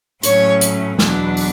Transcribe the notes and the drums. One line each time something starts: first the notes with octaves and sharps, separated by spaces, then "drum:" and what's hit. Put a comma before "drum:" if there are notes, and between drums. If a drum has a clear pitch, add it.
A2 F#3 A3 C#4 C#5, drum: hi-hat
drum: hi-hat
E2 B2 F#3 B3 D4, drum: snare
drum: open hi-hat